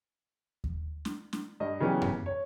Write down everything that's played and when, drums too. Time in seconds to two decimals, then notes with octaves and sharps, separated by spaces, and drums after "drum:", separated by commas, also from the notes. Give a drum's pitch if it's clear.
0.64 drum: kick D#2
1.05 drum: snare
1.33 drum: snare
1.60 G2 D#5
1.80 C#3 E3 F#3 B3 C#4 G4
2.02 drum: tom F#2
2.26 C#5